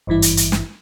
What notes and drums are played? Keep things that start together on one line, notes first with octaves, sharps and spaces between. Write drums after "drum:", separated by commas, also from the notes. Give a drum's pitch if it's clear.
G#1 G2 E3 E4
drum: hi-hat
drum: hi-hat
drum: snare